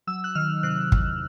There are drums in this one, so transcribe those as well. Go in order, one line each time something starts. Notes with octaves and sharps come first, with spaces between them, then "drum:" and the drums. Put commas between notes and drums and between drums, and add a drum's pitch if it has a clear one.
F#3 E6
F#6
D#3 F6
C3 F#6
E2, drum: kick